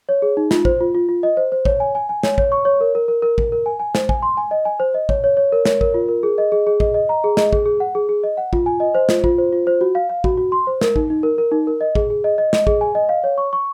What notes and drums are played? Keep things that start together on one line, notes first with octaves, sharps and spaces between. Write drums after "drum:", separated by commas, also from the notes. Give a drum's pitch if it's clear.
C#5
G#4
D#4
F4, drum: snare
C5, drum: kick
F4
F4
F4
D#5
C5
C5
C#5, drum: kick
G#5
G#5
G#5
C#5, drum: snare
C#5, drum: kick
C#6
C#5
A#4
A#4
A#4
A#4
A#4, drum: kick
A#4
G#5
G#5
C5, drum: snare
G#5, drum: kick
C6
G#5
D#5
G#5
C5
D#5
C#5, drum: kick
C#5
C#5
A#4
C#5, drum: snare
A#4, drum: kick
F4
A#4
G#4
D#5
G#4
G#4
D#5, drum: kick
D#5
A#5
G#4
D#5, drum: snare
G#4, drum: kick
G#4
F#5
G#4
G#4
D#5
F#5
F4, drum: kick
G#5
D#5
C5
F4, drum: snare
F4, drum: kick
C5
F4
C5
F#4
F5
F5
F#4, drum: kick
F#4
C6
C5
A#4, drum: snare
D#4, drum: kick
D#4
A#4
A#4
D#4
A#4
D#5
G#4, drum: kick
G#4
D#5
D#5
D#5, drum: snare
G#4, drum: kick
G#5
D#5
F5
C#5
C#6
C#6